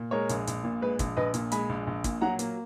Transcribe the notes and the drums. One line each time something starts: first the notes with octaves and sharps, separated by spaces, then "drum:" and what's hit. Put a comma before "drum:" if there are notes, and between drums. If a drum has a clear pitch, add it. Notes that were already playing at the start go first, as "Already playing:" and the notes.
Already playing: A#2
G#3 A#4 C#5
A#1, drum: hi-hat
A#1, drum: hi-hat
A#2
G#3 B4
A#1, drum: kick, hi-hat
A#1 B4 D#5
A#2, drum: hi-hat
G#3 G#5 B5, drum: hi-hat
A#1
A#1
A#2, drum: kick, hi-hat
F#3 F#5 A#5
A#3, drum: hi-hat